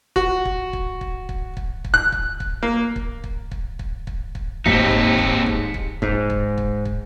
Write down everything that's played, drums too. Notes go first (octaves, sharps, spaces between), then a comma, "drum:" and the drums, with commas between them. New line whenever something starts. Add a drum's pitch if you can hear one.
F#4, drum: kick
drum: kick
drum: kick
drum: kick
drum: kick
drum: kick
drum: kick
F#6
drum: kick
drum: kick
A#3
drum: kick
drum: kick
drum: kick
drum: kick
drum: kick
drum: kick
D#2 G#2 C4 D#4 B6 C#7, drum: kick
drum: kick
drum: kick
drum: kick
drum: kick
G#2, drum: kick
drum: kick
drum: kick
drum: kick